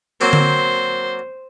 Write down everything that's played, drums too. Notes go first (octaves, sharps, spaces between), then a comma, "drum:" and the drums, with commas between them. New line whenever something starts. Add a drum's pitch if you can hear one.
F#3 A#3 C4 C5
drum: tom D3